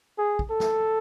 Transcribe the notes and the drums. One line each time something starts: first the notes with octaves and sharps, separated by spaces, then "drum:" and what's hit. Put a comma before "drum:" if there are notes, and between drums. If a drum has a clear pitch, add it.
G#4
drum: kick
A4
drum: snare